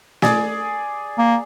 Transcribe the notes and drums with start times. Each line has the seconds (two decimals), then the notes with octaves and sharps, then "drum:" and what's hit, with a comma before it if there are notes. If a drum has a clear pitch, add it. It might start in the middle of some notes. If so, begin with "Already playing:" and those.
0.22 G#4 D5, drum: snare
1.18 A#3